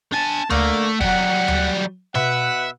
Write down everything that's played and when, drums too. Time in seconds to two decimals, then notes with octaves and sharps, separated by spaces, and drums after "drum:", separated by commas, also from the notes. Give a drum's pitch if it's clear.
0.13 D4 G#5 A5
0.50 D3 A3 A#3, drum: tom D2
1.01 F#3 G3 F#5, drum: kick
1.48 drum: tom D2
2.15 B2 B4 E5 F#5, drum: tom B2